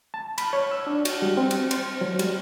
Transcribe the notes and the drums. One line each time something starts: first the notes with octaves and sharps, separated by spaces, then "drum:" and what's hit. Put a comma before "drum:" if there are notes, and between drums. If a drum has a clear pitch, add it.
A5
B5, drum: cymbal
C#5
E6
D4
F#4, drum: cymbal
G3
C4
drum: cymbal
C5, drum: cymbal
F#3
G3, drum: cymbal